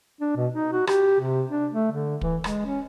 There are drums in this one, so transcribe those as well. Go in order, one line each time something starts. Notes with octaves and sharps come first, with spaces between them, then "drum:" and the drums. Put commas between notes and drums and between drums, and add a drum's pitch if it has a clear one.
D4
B2
D#4
F#4
G4, drum: rim click
C3
D4
A3
D3
E3, drum: kick
G#3, drum: rim click
C#4